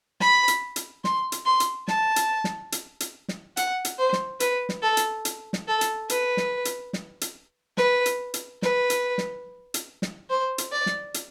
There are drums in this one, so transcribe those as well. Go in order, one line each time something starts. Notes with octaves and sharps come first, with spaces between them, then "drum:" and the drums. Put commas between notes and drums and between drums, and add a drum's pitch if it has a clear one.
B5, drum: snare
drum: hi-hat
drum: hi-hat
C6, drum: snare
drum: hi-hat
C6
drum: hi-hat
A5, drum: snare
drum: hi-hat
drum: snare
drum: hi-hat
drum: hi-hat
drum: snare
F#5, drum: hi-hat
drum: hi-hat
C5
drum: snare
B4, drum: hi-hat
drum: snare
A4
drum: hi-hat
drum: hi-hat
drum: snare
A4
drum: hi-hat
B4, drum: hi-hat
drum: snare
drum: hi-hat
drum: snare
drum: hi-hat
B4, drum: snare
drum: hi-hat
drum: hi-hat
B4, drum: snare
drum: hi-hat
drum: snare
drum: hi-hat
drum: snare
C5
drum: hi-hat
D5
drum: snare
drum: hi-hat